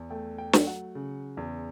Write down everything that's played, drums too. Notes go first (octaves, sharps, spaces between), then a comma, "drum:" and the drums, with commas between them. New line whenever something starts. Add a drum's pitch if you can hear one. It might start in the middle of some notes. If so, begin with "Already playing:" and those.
Already playing: E2
A3 G5
G5
F#3, drum: snare
F#5
C#3
E2